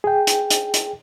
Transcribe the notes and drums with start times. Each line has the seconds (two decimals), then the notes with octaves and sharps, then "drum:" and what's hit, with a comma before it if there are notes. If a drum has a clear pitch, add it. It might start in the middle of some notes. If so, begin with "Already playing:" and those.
0.04 G#4 G5
0.27 drum: hi-hat
0.51 drum: hi-hat
0.74 drum: hi-hat